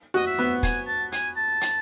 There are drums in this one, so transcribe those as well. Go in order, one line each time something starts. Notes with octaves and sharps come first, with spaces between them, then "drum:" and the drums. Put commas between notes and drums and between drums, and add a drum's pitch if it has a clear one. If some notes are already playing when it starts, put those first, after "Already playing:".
F#4 D#5
E5
B3
G#5, drum: kick, hi-hat
A5
G#5, drum: hi-hat
A5
drum: hi-hat